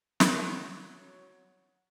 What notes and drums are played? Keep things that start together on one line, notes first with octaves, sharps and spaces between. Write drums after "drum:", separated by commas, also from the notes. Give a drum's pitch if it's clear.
F#3 C#5 F#5, drum: snare